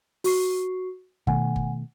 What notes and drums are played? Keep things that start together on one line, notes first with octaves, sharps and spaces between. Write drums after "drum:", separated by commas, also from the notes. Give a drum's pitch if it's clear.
F#4 C#6 C7, drum: open hi-hat
B2 D#3 A3 F#5 G#5, drum: kick G1
drum: kick G1